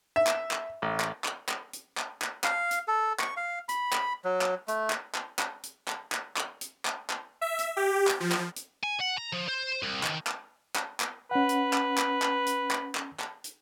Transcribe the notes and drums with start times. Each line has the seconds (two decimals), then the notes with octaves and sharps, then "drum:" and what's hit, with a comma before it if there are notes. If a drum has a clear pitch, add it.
0.16 E5
0.27 drum: clap
0.51 drum: clap
0.82 A1
1.00 drum: clap
1.24 drum: clap
1.49 drum: clap
1.73 drum: hi-hat
1.98 drum: clap
2.22 drum: clap
2.44 F5, drum: clap
2.71 drum: hi-hat
2.88 A4
3.20 C#6, drum: clap
3.37 F5
3.69 B5, drum: hi-hat
3.93 drum: clap
4.25 F#3
4.41 drum: clap
4.68 A3, drum: hi-hat
4.90 drum: clap
5.15 drum: clap
5.39 drum: clap
5.63 drum: hi-hat
5.88 drum: clap
6.12 drum: clap
6.37 drum: clap
6.61 drum: hi-hat
6.85 drum: clap
7.10 drum: clap
7.41 E5
7.59 drum: hi-hat
7.77 G4
8.07 drum: clap
8.20 F3
8.32 drum: clap
8.56 drum: hi-hat
8.84 G#5
9.01 F#5
9.18 A#5
9.33 F3
9.49 C5
9.83 C2
10.03 D#3, drum: clap
10.27 drum: clap
10.76 drum: clap
11.00 drum: clap
11.31 C#4 B4 F#5
11.49 drum: hi-hat
11.73 drum: clap
11.98 drum: clap
12.22 drum: clap
12.46 drum: hi-hat
12.71 drum: clap
12.95 drum: clap
13.20 drum: clap
13.44 drum: hi-hat